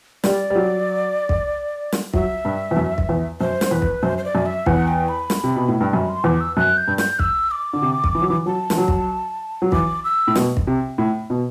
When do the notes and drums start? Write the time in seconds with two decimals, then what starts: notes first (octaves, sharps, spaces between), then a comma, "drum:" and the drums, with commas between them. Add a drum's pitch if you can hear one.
0.24 G3 D5, drum: snare
0.50 G3
0.56 F#3
1.29 drum: kick
1.92 drum: snare
2.14 F#3 E5, drum: kick
2.45 G2
2.71 E2
2.77 F#2
2.98 drum: kick
3.09 E2
3.41 F#2 C5
3.61 drum: snare
3.71 E2 B4
3.82 drum: kick
4.03 F#2 C5
4.18 C5
4.24 D5
4.35 F#2
4.46 E5
4.66 E2 F#5, drum: kick
4.88 G5
5.09 B5
5.30 drum: snare
5.44 C3
5.56 B2
5.68 A2
5.81 G2
5.92 F#2 B5
6.09 C6
6.24 E2 D6
6.40 E6
6.57 F#2 F#6
6.77 G6
6.88 G2
6.98 G6, drum: snare
7.19 E6, drum: kick
7.51 D6
7.73 D3
7.82 C3
8.04 drum: kick
8.15 E3
8.22 F#3
8.30 E3
8.46 F#3 A5
8.70 E3, drum: snare
8.78 F#3
8.88 drum: kick
9.62 F#3
9.72 E3 D6, drum: kick
10.04 E6
10.28 A2
10.35 B2, drum: snare
10.57 drum: kick
10.67 C3
10.98 A2
11.30 B2